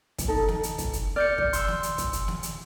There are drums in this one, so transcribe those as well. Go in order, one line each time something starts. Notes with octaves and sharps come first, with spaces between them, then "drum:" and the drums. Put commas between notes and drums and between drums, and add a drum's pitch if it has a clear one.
drum: kick, hi-hat
D#4 A4
drum: snare
drum: hi-hat
drum: kick, hi-hat
drum: hi-hat
D5 F6 G6 C#7
drum: kick
C6 E6, drum: hi-hat
drum: snare
drum: hi-hat
drum: kick, hi-hat
drum: hi-hat
drum: snare
drum: hi-hat